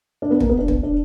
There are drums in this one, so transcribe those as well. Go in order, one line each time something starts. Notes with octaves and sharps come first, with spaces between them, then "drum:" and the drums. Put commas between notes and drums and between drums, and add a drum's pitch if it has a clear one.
D4
B3
A#3, drum: kick
B3
D4
B3, drum: kick
D4